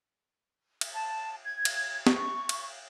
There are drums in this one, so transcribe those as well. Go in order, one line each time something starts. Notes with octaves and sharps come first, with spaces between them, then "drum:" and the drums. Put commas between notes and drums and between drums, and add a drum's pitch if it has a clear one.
drum: cymbal
A5
G#6
drum: cymbal
C#6, drum: snare
drum: cymbal